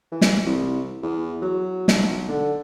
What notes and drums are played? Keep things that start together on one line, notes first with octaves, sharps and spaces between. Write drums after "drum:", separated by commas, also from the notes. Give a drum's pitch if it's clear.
E3
drum: snare
C2
E2
F#3
B1, drum: snare
D3